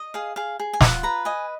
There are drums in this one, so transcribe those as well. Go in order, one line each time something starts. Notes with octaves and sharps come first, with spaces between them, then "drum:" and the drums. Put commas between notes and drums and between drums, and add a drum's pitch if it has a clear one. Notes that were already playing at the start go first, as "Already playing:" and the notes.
Already playing: D#5
G#4 F5
G#4 F5
G#4
G#5
F4 F#5, drum: snare
B4 A#5
D#5 G#5